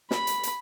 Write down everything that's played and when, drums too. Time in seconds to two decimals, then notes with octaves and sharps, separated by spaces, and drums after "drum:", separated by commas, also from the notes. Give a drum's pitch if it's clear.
0.11 B5, drum: snare
0.27 drum: hi-hat
0.43 drum: hi-hat